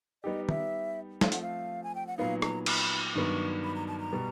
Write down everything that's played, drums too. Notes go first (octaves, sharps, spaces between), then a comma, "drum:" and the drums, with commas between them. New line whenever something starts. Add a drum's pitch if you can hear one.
G3 B3 D#4 G4 D#5
E5, drum: tom
F3 A3 C4 F5, drum: snare
F#5, drum: hi-hat
F5
G#5
G5
F#5
A#2 F#3 B3 D#4 F5
A#5, drum: rim click
B5, drum: cymbal
G2 D#3 F#3 B3 D#4 C#6
B5
A#5
A5
A#5
B2 G3 B3